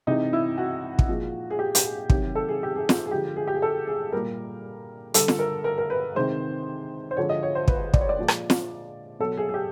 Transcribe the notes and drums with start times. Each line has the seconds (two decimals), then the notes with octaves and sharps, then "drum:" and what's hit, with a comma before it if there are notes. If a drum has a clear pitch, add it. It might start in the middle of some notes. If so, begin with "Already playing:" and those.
0.07 C3 E3 G#3 D#4
0.33 E4
0.58 F#4
0.99 drum: kick
1.09 A#2 F3 G#3
1.50 G#4
1.59 G4
1.75 G4, drum: hi-hat
1.84 G#4
2.10 C3 D#3 F#3 G4, drum: kick
2.35 A4
2.49 G#4
2.63 G4
2.76 G#4
2.89 drum: snare
3.06 G#4
3.11 D3 F3 G#3 G4
3.36 G#4
3.47 G4
3.54 G#4
3.62 A4
3.87 G#4
4.12 A#2 G3 A#4
5.14 D3 G3 A4, drum: hi-hat
5.28 drum: snare
5.39 A#4
5.64 A#4
5.78 A#4
5.90 B4
6.15 C3 D#3 G#3 C5
7.11 C5
7.17 D3 F3 G#3 C#5
7.29 D#5
7.43 C#5
7.55 C5
7.68 B4, drum: kick
7.94 D5, drum: kick
8.01 C#5
8.09 D5
8.19 A#2 F3 G#3
8.28 drum: rim click
8.50 drum: snare
9.19 B2 F#3 A4
9.37 G#4
9.49 G#4
9.54 G4